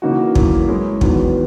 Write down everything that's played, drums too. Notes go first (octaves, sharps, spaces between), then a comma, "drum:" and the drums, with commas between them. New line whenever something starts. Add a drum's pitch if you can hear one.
C#3 E3 A#3 D#4 F#4
F#2 E3 A#3, drum: kick
G#3 C#4 E4
E2 D#3 F#3 B3, drum: kick